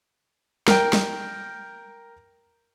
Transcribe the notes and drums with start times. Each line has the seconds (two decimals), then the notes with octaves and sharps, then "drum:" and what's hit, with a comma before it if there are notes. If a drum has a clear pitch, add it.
0.68 A#4 G5, drum: snare
0.93 drum: snare